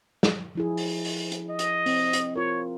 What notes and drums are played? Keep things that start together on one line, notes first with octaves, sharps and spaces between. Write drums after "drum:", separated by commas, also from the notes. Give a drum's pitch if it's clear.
drum: snare
F3 E4 G#4
drum: open hi-hat
drum: open hi-hat
drum: hi-hat
D#5
drum: hi-hat
C4, drum: open hi-hat
drum: hi-hat
F4 A#4 C#5